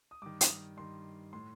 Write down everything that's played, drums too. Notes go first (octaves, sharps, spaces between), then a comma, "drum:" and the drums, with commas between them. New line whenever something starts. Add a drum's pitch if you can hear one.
D#6
G2 D#3 D6
D#6, drum: hi-hat
G2 D#3 C6
A2 C6